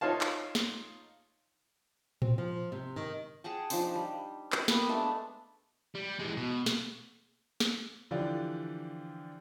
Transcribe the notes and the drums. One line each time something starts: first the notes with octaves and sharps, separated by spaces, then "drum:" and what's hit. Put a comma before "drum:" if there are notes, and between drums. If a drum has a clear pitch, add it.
D#4 F4 C#5 F5 A5
drum: clap
drum: snare
C4, drum: tom A2
F3
C3
D#3
G#4 F#5 G5 A5
F3 D4 D#4 C5, drum: open hi-hat
G3
drum: clap
A#3 B3 G4 B4, drum: snare
G#3 A3 D4
G3
E3 G#3
B2
drum: snare
drum: snare
D3 E3 F3 F4 G4 D5